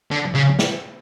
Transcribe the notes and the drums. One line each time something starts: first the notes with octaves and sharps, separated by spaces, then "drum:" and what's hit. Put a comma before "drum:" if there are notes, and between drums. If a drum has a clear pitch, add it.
D3
C#3
drum: snare